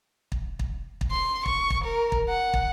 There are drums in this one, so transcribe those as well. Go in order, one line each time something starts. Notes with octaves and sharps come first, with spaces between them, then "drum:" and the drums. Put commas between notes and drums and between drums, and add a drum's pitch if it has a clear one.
drum: kick
drum: kick
drum: kick
C6
C#6, drum: kick
drum: kick
A#4
drum: kick
F#5
drum: kick